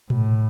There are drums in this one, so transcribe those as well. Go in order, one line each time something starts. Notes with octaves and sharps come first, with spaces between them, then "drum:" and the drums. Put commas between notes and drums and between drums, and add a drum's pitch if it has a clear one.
A2, drum: tom A#2